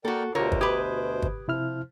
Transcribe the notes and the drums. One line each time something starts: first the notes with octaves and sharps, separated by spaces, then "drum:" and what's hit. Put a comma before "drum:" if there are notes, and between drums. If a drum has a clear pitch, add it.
A#3 F#4 A4 A#4 D5 G5
D2 B2 D3 F4 G4 A#4 C5 C#5
drum: kick
G4 B4 D#6 G#6
drum: kick
C3 F3 E4 F6